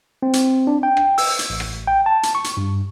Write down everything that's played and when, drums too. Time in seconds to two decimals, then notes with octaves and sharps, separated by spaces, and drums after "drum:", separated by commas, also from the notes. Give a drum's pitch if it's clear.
0.23 C4
0.33 drum: hi-hat
0.67 D4
0.83 G5
0.97 drum: rim click
1.18 E6, drum: open hi-hat
1.39 drum: hi-hat
1.50 A1
1.60 drum: rim click
1.87 G5
2.06 A5
2.23 drum: hi-hat
2.35 C#6
2.44 drum: hi-hat
2.57 G2